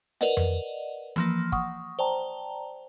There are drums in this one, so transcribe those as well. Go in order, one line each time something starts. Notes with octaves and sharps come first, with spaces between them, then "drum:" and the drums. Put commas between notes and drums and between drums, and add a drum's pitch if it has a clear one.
A#4 B4 D5 D#5 F#5, drum: snare E4
drum: tom F2
E3 F3 A#3, drum: snare E4
F#5 C#6 D#6, drum: kick
C5 D5 G5 A5 A#5